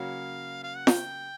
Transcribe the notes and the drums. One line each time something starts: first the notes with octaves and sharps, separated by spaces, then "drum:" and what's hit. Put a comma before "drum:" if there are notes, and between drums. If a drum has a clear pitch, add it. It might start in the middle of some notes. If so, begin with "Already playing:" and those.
Already playing: C#3 F#3 A#3 C#4 F#4 F5
F5
F#5
G5, drum: snare